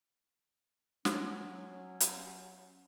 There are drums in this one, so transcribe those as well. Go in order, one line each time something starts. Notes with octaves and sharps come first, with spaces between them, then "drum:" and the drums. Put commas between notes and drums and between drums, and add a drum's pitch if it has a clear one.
F#3 C#4, drum: snare
drum: hi-hat